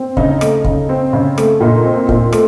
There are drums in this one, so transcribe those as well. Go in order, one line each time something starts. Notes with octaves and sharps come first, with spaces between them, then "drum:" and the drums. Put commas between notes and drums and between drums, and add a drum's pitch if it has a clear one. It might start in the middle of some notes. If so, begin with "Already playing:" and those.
Already playing: C4
C#3 D#4, drum: kick
A3, drum: rim click
C#3, drum: kick
C4
C#3
A3, drum: rim click
A#2 D#4
C4
A#2, drum: kick
A3, drum: rim click